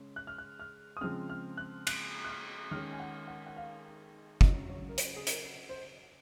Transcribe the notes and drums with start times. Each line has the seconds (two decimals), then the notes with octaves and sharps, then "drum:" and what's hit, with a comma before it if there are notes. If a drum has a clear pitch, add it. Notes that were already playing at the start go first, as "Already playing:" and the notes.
Already playing: C#3 G#3 C#4
0.16 F#6
0.27 F6
0.38 F#6
0.59 F6
0.97 D#6
1.01 C#3 F3 G#3 C4 F6
1.29 F6
1.57 F#6
1.87 F#6, drum: cymbal
2.24 F#6
2.29 F6
2.71 D#3 G#3 C#4 F6
2.92 G#5
3.00 F#5
3.28 F#5
3.46 F#5
3.56 F5
4.41 C#3 F#3 C#4 D#5, drum: kick
4.69 C#5
4.89 A#4
4.98 C5, drum: hi-hat
5.16 G#4
5.27 A#4, drum: hi-hat
5.69 C5